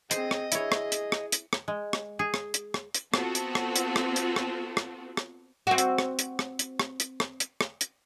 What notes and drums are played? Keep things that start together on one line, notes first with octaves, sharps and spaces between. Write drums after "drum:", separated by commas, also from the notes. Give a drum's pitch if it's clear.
C4 G#4 C5 D#5, drum: hi-hat
drum: rim click
E4 G#4 C#5, drum: hi-hat
drum: rim click
drum: hi-hat
drum: rim click
drum: hi-hat
drum: rim click
G#3
drum: rim click
G#4
drum: rim click
drum: hi-hat
drum: rim click
drum: hi-hat
B3 C4 F4 F#4 A4, drum: rim click
drum: hi-hat
drum: rim click
drum: hi-hat
drum: rim click
drum: hi-hat
drum: rim click
drum: rim click
drum: rim click
C4 F#4
drum: hi-hat
drum: rim click
drum: hi-hat
drum: rim click
drum: hi-hat
drum: rim click
drum: hi-hat
drum: rim click
drum: hi-hat
drum: rim click
drum: hi-hat